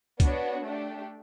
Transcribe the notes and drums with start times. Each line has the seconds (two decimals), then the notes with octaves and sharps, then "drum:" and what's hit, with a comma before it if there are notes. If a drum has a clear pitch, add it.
0.20 B3 D4 F#4 C#5, drum: kick C#2, hi-hat
0.64 A3 D4 G4